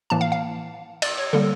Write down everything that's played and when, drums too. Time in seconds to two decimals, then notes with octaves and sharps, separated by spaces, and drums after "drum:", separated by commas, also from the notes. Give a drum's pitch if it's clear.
0.10 A2 E3 A#3 A5
0.21 F5
0.32 F5
1.02 D5, drum: cymbal
1.18 C#5
1.33 D3 G3 A#3 A4